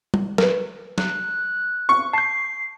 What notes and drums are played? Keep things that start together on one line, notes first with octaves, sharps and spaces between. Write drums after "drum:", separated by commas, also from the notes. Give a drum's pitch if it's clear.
drum: tom G3
A#4 B4, drum: snare
F#6, drum: snare
C#6
A5 G6 C7